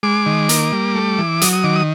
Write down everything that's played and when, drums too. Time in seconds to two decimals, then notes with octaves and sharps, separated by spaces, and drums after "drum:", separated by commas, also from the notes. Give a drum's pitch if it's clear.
0.03 G#3 D6
0.26 D#3
0.49 A#3, drum: hi-hat
0.72 G3
0.95 A3
1.19 E3
1.41 F#3 D#6, drum: hi-hat
1.53 D#6
1.64 D#3 D6
1.76 D#6